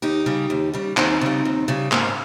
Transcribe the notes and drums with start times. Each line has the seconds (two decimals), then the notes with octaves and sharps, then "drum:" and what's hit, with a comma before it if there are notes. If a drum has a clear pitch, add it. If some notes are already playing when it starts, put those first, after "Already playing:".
0.02 D#2 D#4 G4
0.26 C#3 G3
0.50 D#2
0.74 C#3 G3
0.97 D#2 C4 D#4, drum: clap
1.21 C#3 G3
1.45 D#2
1.68 C#3 G3
1.92 G#2 A#3 C#4, drum: clap